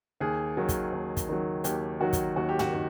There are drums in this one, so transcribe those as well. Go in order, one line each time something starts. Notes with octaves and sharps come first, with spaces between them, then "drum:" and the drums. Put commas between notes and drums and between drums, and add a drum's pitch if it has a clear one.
D#2 G#4
D#3 F#3
drum: kick, hi-hat
D#2
drum: kick, hi-hat
D#3 F#3
D#2 G4, drum: hi-hat
D#3 F#3 F#4
drum: kick, hi-hat
D#2 F#4
G4
F#4, drum: tom
D#3